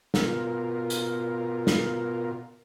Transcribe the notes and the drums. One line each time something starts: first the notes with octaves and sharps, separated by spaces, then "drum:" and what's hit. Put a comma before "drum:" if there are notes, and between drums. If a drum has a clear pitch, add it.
B2 F4 A#4, drum: snare
drum: hi-hat
drum: snare